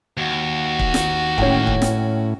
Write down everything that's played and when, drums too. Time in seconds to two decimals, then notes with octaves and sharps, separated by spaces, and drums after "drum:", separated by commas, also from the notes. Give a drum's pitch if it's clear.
0.17 D#2 F#4
0.79 drum: kick
0.94 drum: snare
1.38 A2 C#4 G5, drum: kick
1.67 drum: kick
1.82 drum: snare